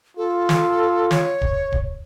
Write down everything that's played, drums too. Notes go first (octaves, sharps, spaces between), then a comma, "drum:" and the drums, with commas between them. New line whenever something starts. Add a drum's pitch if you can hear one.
F4 A4
drum: snare
C#5, drum: snare
drum: kick
drum: kick